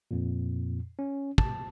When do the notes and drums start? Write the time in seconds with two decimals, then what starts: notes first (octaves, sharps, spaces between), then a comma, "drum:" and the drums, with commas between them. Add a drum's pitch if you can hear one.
0.11 F2 A#2
0.99 C#4
1.38 A5, drum: kick